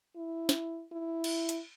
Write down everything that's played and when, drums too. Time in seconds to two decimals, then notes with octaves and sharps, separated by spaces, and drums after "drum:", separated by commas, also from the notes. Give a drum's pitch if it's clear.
0.16 E4
0.49 drum: snare
0.92 E4
1.24 drum: cymbal
1.49 drum: hi-hat